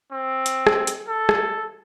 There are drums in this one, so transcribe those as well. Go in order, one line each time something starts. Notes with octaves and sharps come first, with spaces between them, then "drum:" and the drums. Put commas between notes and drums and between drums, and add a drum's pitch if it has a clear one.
C4
drum: hi-hat
drum: rim click
drum: hi-hat
A4
drum: rim click